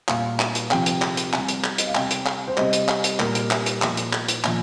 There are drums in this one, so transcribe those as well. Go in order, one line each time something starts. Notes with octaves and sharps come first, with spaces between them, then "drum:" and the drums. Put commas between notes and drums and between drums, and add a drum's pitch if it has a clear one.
A#2 G3 F5, drum: clap
drum: clap
drum: hi-hat
C3 F3 G5, drum: clap
drum: hi-hat
drum: clap
drum: hi-hat
C3 G3, drum: clap
drum: hi-hat
drum: clap
D#5, drum: hi-hat
F5
C3 G3 G5, drum: clap
drum: hi-hat
drum: clap
C5
C3 G3 D#5, drum: clap
drum: hi-hat
drum: clap
drum: hi-hat
A#2 G3 A#4, drum: clap
drum: hi-hat
drum: clap
drum: hi-hat
A#2 F3, drum: clap
drum: hi-hat
drum: clap
drum: hi-hat
A#2 F3, drum: clap